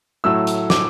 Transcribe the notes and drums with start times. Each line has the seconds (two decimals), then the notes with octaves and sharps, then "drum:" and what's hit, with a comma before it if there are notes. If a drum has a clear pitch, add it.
0.24 A2 F#3 A3 E6
0.47 drum: hi-hat
0.70 D6, drum: snare